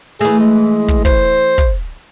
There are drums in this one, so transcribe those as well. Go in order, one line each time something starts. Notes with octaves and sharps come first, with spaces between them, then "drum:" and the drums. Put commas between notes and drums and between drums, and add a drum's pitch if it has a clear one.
E3 A3 G#4
G#3
drum: kick
C5, drum: kick
drum: kick